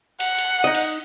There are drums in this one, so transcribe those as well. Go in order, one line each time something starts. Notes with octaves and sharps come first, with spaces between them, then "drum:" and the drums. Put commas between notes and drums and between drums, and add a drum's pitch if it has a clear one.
F#5, drum: cymbal
drum: cymbal
D#4 D#5
drum: cymbal